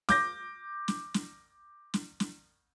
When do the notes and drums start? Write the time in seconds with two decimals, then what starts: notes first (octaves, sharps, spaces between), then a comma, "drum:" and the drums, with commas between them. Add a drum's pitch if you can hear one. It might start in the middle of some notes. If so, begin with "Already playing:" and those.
0.09 D6 G6 A#6, drum: snare
0.88 drum: snare
1.14 drum: snare
1.94 drum: snare
2.20 drum: snare